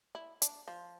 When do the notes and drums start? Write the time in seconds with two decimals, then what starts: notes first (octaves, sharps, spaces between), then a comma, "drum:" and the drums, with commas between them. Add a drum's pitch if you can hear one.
0.15 E4
0.42 D4, drum: hi-hat
0.68 F3